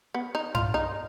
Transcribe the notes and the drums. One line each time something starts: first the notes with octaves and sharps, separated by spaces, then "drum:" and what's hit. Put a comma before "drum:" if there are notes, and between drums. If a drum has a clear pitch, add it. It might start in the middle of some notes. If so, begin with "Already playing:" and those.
B3
D#4
F4, drum: tom G2
D#4